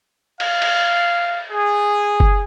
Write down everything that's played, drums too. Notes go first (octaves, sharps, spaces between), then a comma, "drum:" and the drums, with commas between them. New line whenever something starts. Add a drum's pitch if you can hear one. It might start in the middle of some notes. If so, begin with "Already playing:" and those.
F5, drum: cymbal
drum: cymbal
G#4
drum: kick F#1